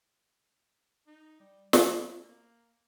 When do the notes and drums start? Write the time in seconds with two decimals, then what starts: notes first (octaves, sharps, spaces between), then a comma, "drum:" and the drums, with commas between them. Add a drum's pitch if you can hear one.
1.07 D#4
1.40 G3
1.73 C#4, drum: snare
2.24 A#3